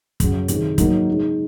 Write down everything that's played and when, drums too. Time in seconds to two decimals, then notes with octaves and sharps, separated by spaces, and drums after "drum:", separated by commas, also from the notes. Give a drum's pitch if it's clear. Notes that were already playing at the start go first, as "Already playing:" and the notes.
0.20 F#2 C#3 F#3, drum: kick, hi-hat
0.48 C3 D#3 G#3, drum: hi-hat
0.78 G#2 F#3 A#3 D#4 A#4, drum: kick, hi-hat
1.07 C#3 G#3 D#4